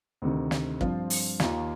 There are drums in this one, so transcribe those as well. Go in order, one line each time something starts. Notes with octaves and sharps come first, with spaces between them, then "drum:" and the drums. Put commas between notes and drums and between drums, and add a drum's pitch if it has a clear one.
D2 C3 D#3
drum: snare
G2 F3 C4 F4, drum: kick
drum: open hi-hat
D#2 D#3 A#3 F4, drum: snare